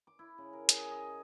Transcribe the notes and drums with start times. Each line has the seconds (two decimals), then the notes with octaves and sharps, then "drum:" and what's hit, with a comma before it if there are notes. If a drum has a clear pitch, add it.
0.07 D6
0.19 E4
0.38 C#3
0.53 A#4
0.69 G#4, drum: hi-hat
0.91 D#5